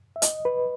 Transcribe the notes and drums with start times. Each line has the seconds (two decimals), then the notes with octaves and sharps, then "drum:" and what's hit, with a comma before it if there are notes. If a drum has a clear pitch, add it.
0.16 E5
0.22 D#5, drum: hi-hat
0.45 B4